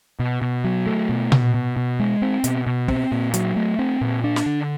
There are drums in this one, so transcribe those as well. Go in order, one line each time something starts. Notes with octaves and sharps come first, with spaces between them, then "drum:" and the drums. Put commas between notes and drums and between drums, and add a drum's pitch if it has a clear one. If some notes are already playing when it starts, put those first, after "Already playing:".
B2
B2
F#3
A3
B2
B2, drum: tom A#2
B2
B2
G#3
C4
B2, drum: hi-hat
B2
C4, drum: kick
A#2
F#3, drum: hi-hat
A3
C4
A#2
D4
drum: snare
D3